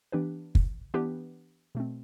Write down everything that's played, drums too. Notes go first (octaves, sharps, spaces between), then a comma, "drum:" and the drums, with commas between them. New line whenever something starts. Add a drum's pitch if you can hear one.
E3 B3 D4 G4 B4
drum: kick
E3 B3 D4 G4 B4
B2 A3 C4